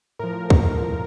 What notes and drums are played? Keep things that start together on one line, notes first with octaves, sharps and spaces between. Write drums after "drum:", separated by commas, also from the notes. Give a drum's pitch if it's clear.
A2 F3 A#4
drum: kick